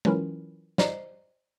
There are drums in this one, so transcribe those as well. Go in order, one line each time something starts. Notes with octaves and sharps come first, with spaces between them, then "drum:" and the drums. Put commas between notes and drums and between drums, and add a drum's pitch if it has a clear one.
E3 F#3 C#4 E4 F4 A#4, drum: tom G#3
C5 D5 D#5 A#5 C7, drum: snare